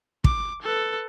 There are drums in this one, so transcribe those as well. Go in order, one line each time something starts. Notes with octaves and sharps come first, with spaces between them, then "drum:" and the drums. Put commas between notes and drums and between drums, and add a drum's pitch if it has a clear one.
D6, drum: kick
A4 B4